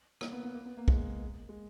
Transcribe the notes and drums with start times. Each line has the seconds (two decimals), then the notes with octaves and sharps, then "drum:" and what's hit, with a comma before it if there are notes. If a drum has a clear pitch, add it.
0.21 A#3, drum: rim click
0.32 B3
0.43 B3
0.54 A#3
0.65 B3
0.77 A#3
0.88 G#3, drum: kick
1.49 G#3